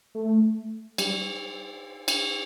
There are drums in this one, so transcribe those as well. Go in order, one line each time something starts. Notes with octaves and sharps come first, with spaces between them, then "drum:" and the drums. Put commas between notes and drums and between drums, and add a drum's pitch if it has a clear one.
A3
G3, drum: cymbal
drum: cymbal